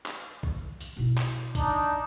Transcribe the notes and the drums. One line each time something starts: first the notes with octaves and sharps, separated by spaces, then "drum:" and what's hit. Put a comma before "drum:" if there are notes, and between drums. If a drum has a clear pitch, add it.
drum: clap
drum: kick B1
drum: tambourine
B2 E4
drum: clap
D4 D#4, drum: kick B1, tambourine